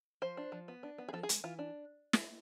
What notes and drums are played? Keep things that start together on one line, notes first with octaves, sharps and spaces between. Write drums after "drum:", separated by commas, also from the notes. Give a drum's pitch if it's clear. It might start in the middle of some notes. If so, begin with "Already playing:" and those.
F3 C5
D4
F3
B3
D4
B3
G#4
F3 A4
G#4
G#3, drum: hi-hat
E3 F4
D4
drum: snare